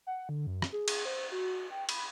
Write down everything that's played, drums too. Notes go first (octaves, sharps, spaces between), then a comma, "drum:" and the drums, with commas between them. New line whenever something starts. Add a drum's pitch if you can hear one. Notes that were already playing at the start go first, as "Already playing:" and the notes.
F#5
D3
F#2
drum: rim click
G#4
drum: cymbal
C5
F#4
G5
B5, drum: cymbal